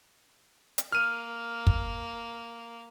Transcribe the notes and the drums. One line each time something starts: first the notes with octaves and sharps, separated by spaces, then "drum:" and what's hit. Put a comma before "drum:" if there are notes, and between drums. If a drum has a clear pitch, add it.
drum: hi-hat
A#3 F6 D#7
drum: kick